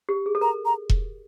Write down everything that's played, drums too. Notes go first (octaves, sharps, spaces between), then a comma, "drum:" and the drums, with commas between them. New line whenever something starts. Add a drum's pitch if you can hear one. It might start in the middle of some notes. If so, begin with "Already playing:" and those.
G4
G#4
A4
A#4 A#5
A#5
drum: kick E1